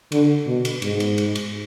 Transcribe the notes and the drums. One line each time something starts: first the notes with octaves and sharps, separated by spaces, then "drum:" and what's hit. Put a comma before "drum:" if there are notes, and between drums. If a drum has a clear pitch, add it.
D3, drum: cymbal
B2
drum: cymbal
G#2, drum: cymbal
drum: cymbal
drum: cymbal
drum: cymbal